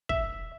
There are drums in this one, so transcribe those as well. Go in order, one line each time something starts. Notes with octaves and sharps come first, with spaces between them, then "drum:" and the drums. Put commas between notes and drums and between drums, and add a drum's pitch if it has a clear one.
E5, drum: kick